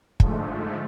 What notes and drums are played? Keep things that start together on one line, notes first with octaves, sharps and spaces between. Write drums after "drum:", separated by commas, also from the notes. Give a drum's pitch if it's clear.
G#2 D3 F3 G#3 A3, drum: kick